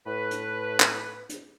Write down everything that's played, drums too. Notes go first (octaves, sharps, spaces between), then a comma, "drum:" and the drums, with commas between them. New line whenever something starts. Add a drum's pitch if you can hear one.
A2 B4
drum: hi-hat
drum: clap
drum: hi-hat